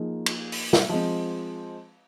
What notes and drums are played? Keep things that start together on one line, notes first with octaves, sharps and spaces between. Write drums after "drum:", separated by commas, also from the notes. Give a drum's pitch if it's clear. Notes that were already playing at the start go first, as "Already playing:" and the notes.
Already playing: F3 A#3 D#4 G#4
drum: cymbal
drum: open hi-hat
drum: snare
F3 G#3 C4